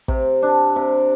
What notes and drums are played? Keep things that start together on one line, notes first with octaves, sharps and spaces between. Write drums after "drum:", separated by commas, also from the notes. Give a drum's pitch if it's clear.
C3, drum: kick
D4
C3